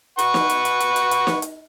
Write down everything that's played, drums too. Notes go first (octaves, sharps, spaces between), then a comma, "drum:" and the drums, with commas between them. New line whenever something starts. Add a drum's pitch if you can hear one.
B4 F#5 C#6, drum: hi-hat
drum: snare
drum: hi-hat
drum: hi-hat
drum: hi-hat
drum: hi-hat
drum: hi-hat
drum: snare
drum: hi-hat